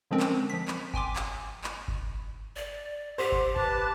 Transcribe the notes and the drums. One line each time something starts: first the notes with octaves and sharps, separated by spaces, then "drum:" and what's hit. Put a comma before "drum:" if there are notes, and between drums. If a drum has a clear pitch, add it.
D3 F3 G#3 C4 C#4 A#4
drum: clap
F3 B6
drum: clap
G5 G#5 C6 D6, drum: kick G1
drum: clap
drum: clap
drum: kick G1
D5
G4 C5 F#5 C6 E6
drum: kick G1
B4 A5 D6 F#6, drum: kick G1